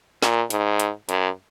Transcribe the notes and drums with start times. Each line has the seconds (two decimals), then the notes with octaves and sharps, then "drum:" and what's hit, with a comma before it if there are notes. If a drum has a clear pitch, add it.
0.22 A#2, drum: snare
0.50 G#2, drum: hi-hat
0.80 drum: hi-hat
1.09 F#2, drum: hi-hat